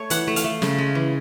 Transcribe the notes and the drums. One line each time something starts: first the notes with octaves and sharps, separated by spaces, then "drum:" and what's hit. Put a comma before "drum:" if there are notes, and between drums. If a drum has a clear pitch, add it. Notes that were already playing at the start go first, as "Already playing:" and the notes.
Already playing: A3 C#5
E3 F#5, drum: hi-hat
A3
F5, drum: hi-hat
A3
C#3, drum: snare
G#3
E3